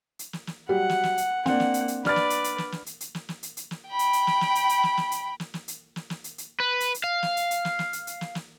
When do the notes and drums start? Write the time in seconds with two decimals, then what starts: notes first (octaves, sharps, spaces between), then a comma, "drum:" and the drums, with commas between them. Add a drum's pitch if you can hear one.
0.19 drum: hi-hat
0.33 drum: snare
0.47 drum: snare
0.69 F#3 G3 F#5
0.89 drum: snare
1.04 drum: snare
1.18 drum: hi-hat
1.46 A#3 C4 D4 F#5, drum: snare
1.60 drum: snare
1.74 drum: hi-hat
1.88 drum: hi-hat
2.05 D4 B4 D5 F6 A6, drum: snare
2.16 drum: snare
2.30 drum: hi-hat
2.44 drum: hi-hat
2.58 drum: snare
2.72 drum: snare
2.86 drum: hi-hat
3.00 drum: hi-hat
3.15 drum: snare
3.29 drum: snare
3.43 drum: hi-hat
3.57 drum: hi-hat
3.71 drum: snare
3.88 G5 B5
3.99 drum: hi-hat
4.13 drum: hi-hat
4.27 drum: snare
4.41 drum: snare
4.55 drum: hi-hat
4.69 drum: hi-hat
4.83 drum: snare
4.97 drum: snare
5.12 drum: hi-hat
5.40 drum: snare
5.54 drum: snare
5.68 drum: hi-hat
5.96 drum: snare
6.10 drum: snare
6.24 drum: hi-hat
6.38 drum: hi-hat
6.60 B4
6.80 drum: hi-hat
6.94 drum: hi-hat
7.04 F5
7.23 drum: snare
7.37 drum: hi-hat
7.51 drum: hi-hat
7.65 drum: snare
7.79 drum: snare
7.93 drum: hi-hat
8.07 drum: hi-hat
8.21 drum: snare
8.35 drum: snare